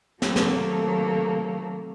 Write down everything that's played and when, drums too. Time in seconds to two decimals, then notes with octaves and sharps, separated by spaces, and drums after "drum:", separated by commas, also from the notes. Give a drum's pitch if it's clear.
0.22 C3 D#3 F#3 A3 A#3 A4, drum: snare
0.36 drum: snare